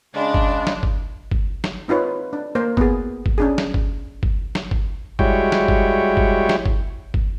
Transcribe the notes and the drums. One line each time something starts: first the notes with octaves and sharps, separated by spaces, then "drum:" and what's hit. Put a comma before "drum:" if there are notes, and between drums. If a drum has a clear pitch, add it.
C#3 G#3 D4
drum: kick
drum: snare
drum: kick
drum: kick
drum: snare
C4 D#4 F4 B4 C#5
D4
A#3 A#4 C5 F5
B3 G#4, drum: kick
drum: kick
C#4 D4 G#4
drum: snare
drum: kick
drum: kick
drum: snare
drum: kick
G3 G#3 E4 F#4 C#5 G5, drum: kick
drum: snare
drum: kick
drum: kick
drum: snare
drum: kick
drum: kick